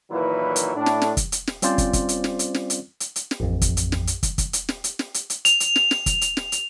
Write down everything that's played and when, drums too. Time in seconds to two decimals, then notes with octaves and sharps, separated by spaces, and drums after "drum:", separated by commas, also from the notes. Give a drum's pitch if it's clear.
0.11 A#2 D#3 E3 F#3 E4 B4
0.56 drum: hi-hat
0.75 A2 D4
0.86 drum: snare
1.02 drum: snare
1.17 drum: kick, hi-hat
1.32 drum: hi-hat
1.47 drum: snare
1.62 G3 C4 C#4 F4 C5 D5, drum: hi-hat
1.78 drum: kick, hi-hat
1.93 drum: kick, hi-hat
2.09 drum: hi-hat
2.24 drum: snare
2.39 drum: hi-hat
2.54 drum: snare
2.70 drum: hi-hat
3.00 drum: hi-hat
3.16 drum: hi-hat
3.31 drum: snare
3.40 A1 F2
3.61 drum: kick, hi-hat
3.77 drum: hi-hat
3.92 drum: snare
4.07 drum: hi-hat
4.23 drum: kick, hi-hat
4.38 drum: kick, hi-hat
4.53 drum: hi-hat
4.69 drum: snare
4.84 drum: hi-hat
4.99 drum: snare
5.14 drum: hi-hat
5.30 drum: hi-hat
5.45 F7, drum: hi-hat
5.60 drum: hi-hat
5.76 drum: snare
5.91 drum: snare
6.06 drum: kick, hi-hat
6.21 drum: hi-hat
6.37 drum: snare
6.52 drum: hi-hat